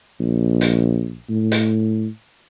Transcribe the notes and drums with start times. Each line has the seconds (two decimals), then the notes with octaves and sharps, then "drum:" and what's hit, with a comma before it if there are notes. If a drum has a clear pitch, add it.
0.20 A#1
0.61 drum: hi-hat
1.29 A2
1.52 drum: hi-hat